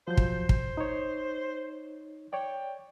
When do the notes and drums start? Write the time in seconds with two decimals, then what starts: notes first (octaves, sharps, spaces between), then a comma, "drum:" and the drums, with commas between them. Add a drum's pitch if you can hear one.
0.08 F3 F#3 C5 G6
0.17 drum: kick
0.49 drum: kick
0.77 D#4 C#5
2.33 C#5 D5 G5